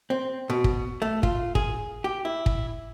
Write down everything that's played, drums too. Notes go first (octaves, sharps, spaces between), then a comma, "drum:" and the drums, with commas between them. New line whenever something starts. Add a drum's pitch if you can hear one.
C4
B2
drum: kick
A3
F4, drum: kick
G#4, drum: kick
G4
E4
drum: kick